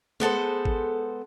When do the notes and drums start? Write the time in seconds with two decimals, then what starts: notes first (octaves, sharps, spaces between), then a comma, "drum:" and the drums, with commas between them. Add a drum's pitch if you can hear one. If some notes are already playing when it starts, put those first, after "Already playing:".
0.20 G#3 B3 A4 C5, drum: tom G#3
0.65 drum: kick